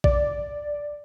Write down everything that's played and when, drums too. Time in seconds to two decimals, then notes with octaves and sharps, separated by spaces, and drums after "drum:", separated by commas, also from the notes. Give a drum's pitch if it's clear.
0.04 D5, drum: kick